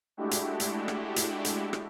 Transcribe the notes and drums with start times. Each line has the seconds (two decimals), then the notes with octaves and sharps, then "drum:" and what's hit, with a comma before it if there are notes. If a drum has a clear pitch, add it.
0.17 G#3 A3 D4 E4 F#4 G4
0.31 drum: hi-hat
0.60 drum: hi-hat
0.88 drum: rim click
1.16 drum: hi-hat
1.45 drum: hi-hat
1.73 drum: rim click